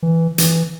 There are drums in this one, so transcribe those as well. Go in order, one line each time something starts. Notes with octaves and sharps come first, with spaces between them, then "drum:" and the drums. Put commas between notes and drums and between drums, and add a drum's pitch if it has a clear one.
E3
E3, drum: hi-hat